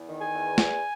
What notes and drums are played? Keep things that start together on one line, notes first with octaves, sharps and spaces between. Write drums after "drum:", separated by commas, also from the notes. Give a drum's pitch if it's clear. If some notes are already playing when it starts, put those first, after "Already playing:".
Already playing: E2
D#3
G#5
E2
drum: snare